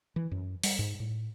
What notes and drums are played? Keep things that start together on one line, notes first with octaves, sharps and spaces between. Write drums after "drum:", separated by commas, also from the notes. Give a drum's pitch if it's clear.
E3
F#2
G3, drum: open hi-hat
G#2
A2